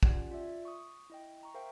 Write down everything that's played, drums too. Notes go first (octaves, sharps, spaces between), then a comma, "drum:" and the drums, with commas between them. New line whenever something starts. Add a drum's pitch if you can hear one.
C#4 F4 G4 D5 F#5 G#6, drum: kick
F4 D5 E5
C#6 D#6
E4 D#5 G5
A#5 C#6
A#4 C5 E5 F5 G5 A#5